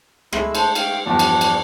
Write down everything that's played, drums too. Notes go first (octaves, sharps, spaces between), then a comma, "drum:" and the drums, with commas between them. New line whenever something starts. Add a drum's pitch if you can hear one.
G#3 A3 E4 G#4 E6, drum: rim click
D4 C5, drum: cymbal
F5 G5, drum: cymbal
E2 G2 F3 G3 D4 D5
drum: cymbal
drum: cymbal